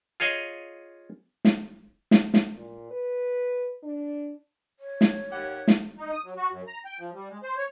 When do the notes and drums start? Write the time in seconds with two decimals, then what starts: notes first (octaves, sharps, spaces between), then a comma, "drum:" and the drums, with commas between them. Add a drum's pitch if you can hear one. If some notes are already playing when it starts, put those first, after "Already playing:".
0.20 F4 G#4 C#5 D#5 F5
1.45 drum: snare
2.11 drum: snare
2.34 drum: snare
2.56 A#2
2.91 B4
3.83 D4
4.79 C#5
5.01 drum: snare
5.31 D#2 G4 F#5
5.68 drum: snare
5.98 D#4
6.12 D#6
6.24 F#3
6.37 F#4
6.50 F#2
6.67 A#5
6.85 G5
6.99 F3
7.13 G3
7.30 G#3
7.43 C5
7.57 C#5